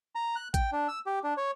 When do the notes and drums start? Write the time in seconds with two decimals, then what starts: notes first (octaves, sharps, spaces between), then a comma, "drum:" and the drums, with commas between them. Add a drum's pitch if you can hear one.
0.15 A#5
0.36 F#6
0.54 G5, drum: kick A1, hi-hat
0.72 D4
0.88 E6
1.06 G4
1.24 D4
1.37 C#5